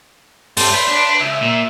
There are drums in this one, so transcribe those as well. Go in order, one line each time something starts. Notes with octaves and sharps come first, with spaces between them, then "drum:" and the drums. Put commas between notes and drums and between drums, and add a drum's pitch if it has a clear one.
G2 C4 A4, drum: open hi-hat
B4 C6
D4
C#2 E5
A#2